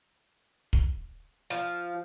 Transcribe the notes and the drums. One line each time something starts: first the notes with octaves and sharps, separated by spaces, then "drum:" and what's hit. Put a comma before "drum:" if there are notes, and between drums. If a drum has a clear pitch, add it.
drum: kick
F3